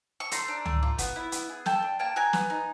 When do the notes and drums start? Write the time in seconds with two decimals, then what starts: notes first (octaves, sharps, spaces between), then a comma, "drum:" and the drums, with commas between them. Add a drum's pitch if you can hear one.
0.20 C#6
0.31 A3 A#5 C6, drum: hi-hat
0.48 D4
0.66 A3, drum: tom C#2
0.83 F4
0.98 B3, drum: kick, hi-hat
1.16 E4
1.32 B3, drum: hi-hat
1.49 G#4
1.66 A4 G5 A5, drum: snare
1.83 D4
1.99 A#3 G5 A5
2.16 F#4 G#5 A#5
2.33 B3, drum: snare
2.50 D#4